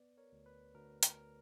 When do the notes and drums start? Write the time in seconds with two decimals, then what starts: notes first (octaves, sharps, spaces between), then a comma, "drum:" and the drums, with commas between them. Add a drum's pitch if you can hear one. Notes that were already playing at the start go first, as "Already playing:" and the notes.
Already playing: B3 B4 D5
0.17 A#4 C#5
0.32 D2
0.46 B4
0.74 D2 A#4
1.03 A#4, drum: hi-hat